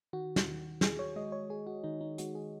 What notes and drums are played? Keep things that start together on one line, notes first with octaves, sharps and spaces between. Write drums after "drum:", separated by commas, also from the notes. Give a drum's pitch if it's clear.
D#3 F#4
drum: snare
D#3
D#3 G#4, drum: snare
C#5
G#3 D#5
C#5
G#3 G#4
F#4
D#3 D#4
D#4
G#3 F#4, drum: hi-hat
G#4